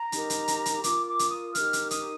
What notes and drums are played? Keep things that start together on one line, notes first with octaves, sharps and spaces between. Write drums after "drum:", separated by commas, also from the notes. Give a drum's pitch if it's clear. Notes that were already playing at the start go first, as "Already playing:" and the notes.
Already playing: A#5
D#4 G4 A#4, drum: hi-hat
drum: hi-hat
drum: hi-hat
drum: hi-hat
F4 A#4 D6, drum: hi-hat
D6
drum: hi-hat
D#6
D#4 G4 A#4 F6, drum: hi-hat
drum: hi-hat
D#6, drum: hi-hat